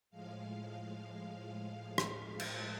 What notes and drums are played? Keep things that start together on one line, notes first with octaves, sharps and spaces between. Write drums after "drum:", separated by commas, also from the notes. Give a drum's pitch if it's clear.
A2 F3 G#3 F5
drum: rim click
A5, drum: cymbal